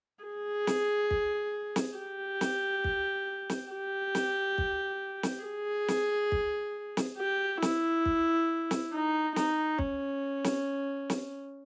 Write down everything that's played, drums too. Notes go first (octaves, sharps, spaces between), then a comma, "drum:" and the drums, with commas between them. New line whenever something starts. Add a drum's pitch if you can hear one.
G#4
drum: snare
drum: kick
drum: snare
G4
drum: snare
drum: kick
drum: snare
G4
drum: snare
drum: kick
drum: snare
G#4
drum: snare
drum: kick
drum: snare
G4
E4, drum: snare
drum: kick
drum: snare
D#4
D#4, drum: snare
C#4, drum: kick
drum: snare
drum: snare